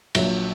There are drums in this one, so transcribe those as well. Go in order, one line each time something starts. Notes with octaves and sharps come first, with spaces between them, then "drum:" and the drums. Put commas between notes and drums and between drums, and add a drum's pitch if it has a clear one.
A#1 A#2 F#3 E5, drum: cymbal